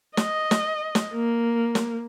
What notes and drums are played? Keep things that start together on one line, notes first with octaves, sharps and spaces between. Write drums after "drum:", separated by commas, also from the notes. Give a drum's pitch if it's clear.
D#5, drum: snare
drum: snare
drum: snare
A#3
drum: snare